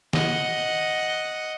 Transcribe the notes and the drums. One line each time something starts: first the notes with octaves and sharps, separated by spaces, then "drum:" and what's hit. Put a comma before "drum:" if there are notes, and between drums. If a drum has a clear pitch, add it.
D#5 F#5, drum: snare